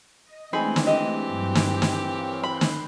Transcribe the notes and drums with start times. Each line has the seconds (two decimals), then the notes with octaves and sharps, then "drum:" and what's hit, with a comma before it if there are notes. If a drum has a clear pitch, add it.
0.23 D#5
0.53 E3 G#3 A3 C4 D4 D#4 G#4 B5
0.76 drum: snare
0.87 G4 D#5
1.27 G2 F#3 G6
1.55 drum: snare
1.82 drum: snare
1.99 A#4 C#5 F5
2.43 B5 C6 F#6 G6
2.61 drum: snare